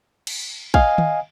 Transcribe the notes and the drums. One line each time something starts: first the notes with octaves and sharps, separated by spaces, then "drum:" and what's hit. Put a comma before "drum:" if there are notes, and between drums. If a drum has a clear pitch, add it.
drum: cymbal
D#5 F5 G#5, drum: kick
drum: tom